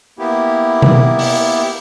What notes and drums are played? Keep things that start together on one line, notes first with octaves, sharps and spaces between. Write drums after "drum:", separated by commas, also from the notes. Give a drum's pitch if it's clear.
A#3 B3 E4 G4
drum: tom B2
drum: open hi-hat